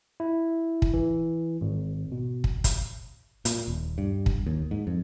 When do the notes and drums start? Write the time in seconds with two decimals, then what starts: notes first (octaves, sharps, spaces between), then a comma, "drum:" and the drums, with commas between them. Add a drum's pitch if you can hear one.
0.20 E4
0.82 drum: kick
0.94 E3
1.61 G#1
2.12 B2
2.44 drum: kick
2.64 drum: kick, hi-hat
3.45 A#2, drum: hi-hat
3.68 D#1
3.98 G2
4.26 drum: kick
4.47 D#2
4.71 G#2
4.87 F2